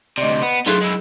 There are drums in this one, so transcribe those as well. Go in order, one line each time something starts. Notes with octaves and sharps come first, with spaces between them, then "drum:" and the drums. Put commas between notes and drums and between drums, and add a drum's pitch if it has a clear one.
D2 C3 D5 D#5
B3
F#3 A3 F4 G#4 F#6, drum: hi-hat
G#3 E4